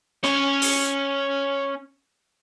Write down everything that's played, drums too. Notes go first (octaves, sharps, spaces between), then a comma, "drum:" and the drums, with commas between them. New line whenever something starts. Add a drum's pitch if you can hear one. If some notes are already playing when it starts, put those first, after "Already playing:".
C#4 C#5, drum: snare
drum: open hi-hat